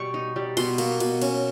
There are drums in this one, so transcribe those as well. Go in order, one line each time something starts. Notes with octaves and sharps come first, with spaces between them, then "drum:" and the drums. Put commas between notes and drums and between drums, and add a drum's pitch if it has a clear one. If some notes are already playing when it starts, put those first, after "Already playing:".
Already playing: B2 G3 C#6
D#4
G3
B2 C6, drum: cymbal
A#3, drum: cymbal
B2, drum: cymbal
C#4, drum: cymbal